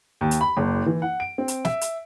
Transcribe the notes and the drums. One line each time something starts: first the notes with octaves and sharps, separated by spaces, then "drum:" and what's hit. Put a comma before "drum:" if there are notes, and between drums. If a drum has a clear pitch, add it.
D#2
drum: hi-hat
B5
F#1
E3
F#5
D7
C4
drum: hi-hat
E5, drum: snare
drum: hi-hat